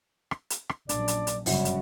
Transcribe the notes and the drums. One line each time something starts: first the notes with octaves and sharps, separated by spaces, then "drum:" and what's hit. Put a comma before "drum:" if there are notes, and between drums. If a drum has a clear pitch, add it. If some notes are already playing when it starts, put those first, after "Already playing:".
drum: rim click
drum: hi-hat
drum: rim click
A#1 F#2 D4 D5, drum: hi-hat
drum: hi-hat
drum: hi-hat
G1 F#2 C#3 G3 F#4, drum: open hi-hat
drum: hi-hat